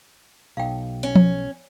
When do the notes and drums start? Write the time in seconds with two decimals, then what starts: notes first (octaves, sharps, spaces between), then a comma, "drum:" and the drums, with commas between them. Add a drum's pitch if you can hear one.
0.57 B1 F5 G5
1.03 C#4
1.15 drum: tom F3